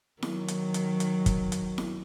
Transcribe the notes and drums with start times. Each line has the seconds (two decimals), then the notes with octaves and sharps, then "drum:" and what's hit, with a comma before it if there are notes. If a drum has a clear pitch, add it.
0.22 D#3 F#3, drum: snare E4
0.48 drum: hi-hat
0.74 drum: hi-hat
1.00 drum: hi-hat
1.26 drum: kick, hi-hat
1.52 drum: hi-hat
1.78 drum: snare E4